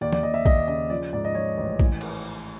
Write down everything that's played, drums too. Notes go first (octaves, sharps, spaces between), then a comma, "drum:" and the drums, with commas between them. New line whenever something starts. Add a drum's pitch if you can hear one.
D#2 D5
D5, drum: tom
D#2 D#5
E5
D#2 D#5, drum: kick
C#3 D#5
F3 D5
G#2 D5
D#5
F3 C#5
A1
E3, drum: kick
drum: cymbal